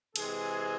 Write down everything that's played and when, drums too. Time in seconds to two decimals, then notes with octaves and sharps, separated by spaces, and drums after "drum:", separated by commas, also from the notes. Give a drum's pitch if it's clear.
0.16 C3 E3 G#3 C4 G#4, drum: cymbal